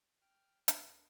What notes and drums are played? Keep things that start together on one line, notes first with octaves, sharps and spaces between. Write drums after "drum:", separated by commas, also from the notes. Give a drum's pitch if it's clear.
G5 F6
D2 B3 D4 A#4 C7, drum: hi-hat